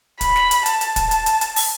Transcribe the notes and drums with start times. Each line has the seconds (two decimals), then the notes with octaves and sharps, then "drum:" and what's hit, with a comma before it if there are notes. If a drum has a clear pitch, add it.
0.21 B5, drum: kick, hi-hat
0.36 drum: snare
0.51 drum: hi-hat
0.66 A5, drum: hi-hat
0.81 drum: hi-hat
0.96 drum: kick, hi-hat
1.11 A5, drum: hi-hat
1.26 drum: hi-hat
1.41 drum: hi-hat
1.56 drum: open hi-hat